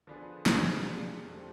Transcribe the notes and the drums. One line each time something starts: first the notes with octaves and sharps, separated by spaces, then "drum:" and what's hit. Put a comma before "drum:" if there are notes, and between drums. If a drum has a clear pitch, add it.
D3 F3 B3 D4 G#4
B2 G#3 C4 G#4, drum: snare
C3 G#3 D4 F4 G#4
F2 C3 F3 A3